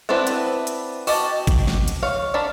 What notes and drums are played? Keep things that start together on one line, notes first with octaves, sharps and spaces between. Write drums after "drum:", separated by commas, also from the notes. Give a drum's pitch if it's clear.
B3 C4 D4 E4 B4
drum: hi-hat
drum: hi-hat
F#4 G4 D#5 A5, drum: open hi-hat
drum: kick G#1, hi-hat
drum: snare
drum: hi-hat
C#5 F5
D4 A#4 A5 B5